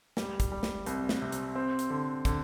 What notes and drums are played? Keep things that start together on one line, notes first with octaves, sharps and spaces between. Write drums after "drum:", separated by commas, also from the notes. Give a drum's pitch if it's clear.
G3, drum: snare
drum: kick, hi-hat
G3
drum: snare
C2, drum: hi-hat
drum: snare
C3
drum: hi-hat
C4
drum: hi-hat
D3
D3, drum: kick, hi-hat